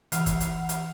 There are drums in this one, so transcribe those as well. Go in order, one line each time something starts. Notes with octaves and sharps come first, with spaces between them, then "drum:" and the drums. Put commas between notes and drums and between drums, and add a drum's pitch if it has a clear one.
E3 E5 F#5 F6 C7 F7, drum: hi-hat
drum: kick, hi-hat
drum: hi-hat
drum: hi-hat